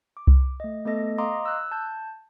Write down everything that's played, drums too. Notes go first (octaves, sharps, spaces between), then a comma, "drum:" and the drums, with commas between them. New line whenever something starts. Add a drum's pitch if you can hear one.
D6
drum: kick C2
A3 D#5
A3 B3 A4 D#5 A#6
D#5 F5 A#5 C6 D6 D#6
E6 F#6
A5 G6